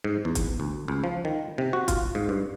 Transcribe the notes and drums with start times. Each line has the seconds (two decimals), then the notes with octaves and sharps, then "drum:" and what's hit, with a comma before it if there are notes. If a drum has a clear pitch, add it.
0.04 G#2
0.25 E2
0.35 drum: kick, hi-hat
0.60 D2
0.88 C#2
1.04 F3
1.25 D#3
1.58 C3
1.73 F#4
1.88 F4, drum: kick, hi-hat
2.15 G#2
2.29 G2